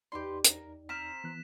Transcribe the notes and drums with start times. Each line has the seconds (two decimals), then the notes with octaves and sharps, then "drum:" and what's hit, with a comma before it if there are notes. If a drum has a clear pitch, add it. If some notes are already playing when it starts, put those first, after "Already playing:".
0.12 E2 D#4 G4 B4 D5 C6
0.44 A#4, drum: hi-hat
0.89 C4 A#5 F6 B6 E7
1.24 E3 B3 F#6